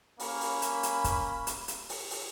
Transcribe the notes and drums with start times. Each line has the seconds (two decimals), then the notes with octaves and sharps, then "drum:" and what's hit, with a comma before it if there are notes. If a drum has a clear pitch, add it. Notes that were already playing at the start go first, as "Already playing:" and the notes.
0.20 A#3 C#4 B5, drum: open hi-hat
0.41 drum: open hi-hat
0.62 drum: hi-hat
0.83 drum: hi-hat
1.04 drum: kick, hi-hat
1.47 drum: hi-hat
1.68 drum: hi-hat
1.89 drum: open hi-hat
2.10 drum: open hi-hat